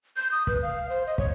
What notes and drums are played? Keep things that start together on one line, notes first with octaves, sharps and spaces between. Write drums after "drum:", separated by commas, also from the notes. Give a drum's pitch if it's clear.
G6
D#6
B4, drum: kick
F5
C5
D#5
C#5, drum: kick